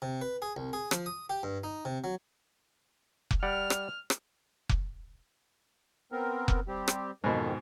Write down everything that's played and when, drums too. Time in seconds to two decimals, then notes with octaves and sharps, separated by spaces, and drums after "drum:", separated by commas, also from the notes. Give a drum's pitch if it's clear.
0.02 C3
0.22 B4
0.42 G#4
0.57 C2
0.73 G#4
0.91 F3, drum: rim click
1.06 D#6
1.30 G4
1.43 G2
1.64 D#4
1.85 C3
2.04 F#3
3.31 drum: kick F1
3.43 G3 D5 F#5 F6
3.70 drum: rim click
4.10 drum: rim click
4.69 drum: kick F1
6.12 B3 C4 A#4
6.48 drum: kick F1
6.68 G3 C4 G4
6.88 drum: rim click
7.24 F2 G#2 B2 D#3